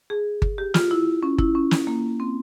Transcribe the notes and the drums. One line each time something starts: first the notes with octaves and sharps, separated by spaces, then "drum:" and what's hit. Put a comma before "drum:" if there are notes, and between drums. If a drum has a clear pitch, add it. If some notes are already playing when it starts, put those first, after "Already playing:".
G#4
drum: kick G1
G4
F4, drum: snare
E4
C#4
E4, drum: kick G1
C#4
drum: snare
A#3
C4